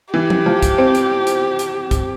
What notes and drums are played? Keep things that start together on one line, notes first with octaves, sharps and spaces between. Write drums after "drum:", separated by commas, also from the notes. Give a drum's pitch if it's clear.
E3 G4
drum: tom E3
F3
drum: kick, hi-hat
C4
drum: hi-hat
drum: hi-hat
drum: hi-hat
drum: kick, hi-hat